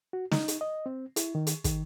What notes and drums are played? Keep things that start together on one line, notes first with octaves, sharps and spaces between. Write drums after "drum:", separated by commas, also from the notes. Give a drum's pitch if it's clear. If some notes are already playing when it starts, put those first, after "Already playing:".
F#4
D#4, drum: snare
drum: hi-hat
D#5
C4
E4, drum: hi-hat
D#3
drum: hi-hat
D#3, drum: kick, hi-hat